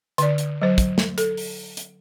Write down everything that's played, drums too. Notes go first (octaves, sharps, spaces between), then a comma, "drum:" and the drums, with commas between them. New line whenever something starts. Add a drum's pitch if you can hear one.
D3 D5, drum: hi-hat
drum: hi-hat
F#3 C5
drum: kick, hi-hat
drum: snare
A4, drum: hi-hat
drum: open hi-hat
drum: hi-hat